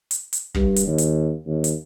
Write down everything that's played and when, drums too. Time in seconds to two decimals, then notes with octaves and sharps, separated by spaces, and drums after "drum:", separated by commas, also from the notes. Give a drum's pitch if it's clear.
0.11 drum: hi-hat
0.33 drum: hi-hat
0.54 G2, drum: kick
0.76 drum: hi-hat
0.87 D#2
0.98 drum: hi-hat
1.46 D#2
1.64 drum: hi-hat